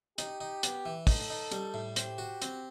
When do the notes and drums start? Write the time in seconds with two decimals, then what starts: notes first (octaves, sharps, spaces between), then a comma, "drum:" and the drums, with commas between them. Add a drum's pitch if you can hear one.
0.18 D#4 G4, drum: hi-hat
0.41 D#4
0.63 B3, drum: hi-hat
0.86 E3
1.07 D#4 A4, drum: kick, open hi-hat
1.30 D#4
1.52 G3, drum: hi-hat
1.74 A2
1.96 G4 C5, drum: hi-hat
2.18 F#4
2.42 C4, drum: hi-hat